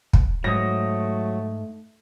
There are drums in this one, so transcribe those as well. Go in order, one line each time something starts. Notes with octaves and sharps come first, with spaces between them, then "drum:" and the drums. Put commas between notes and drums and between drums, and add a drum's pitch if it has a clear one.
drum: kick
G#2 F#3 A3 D#6 A#6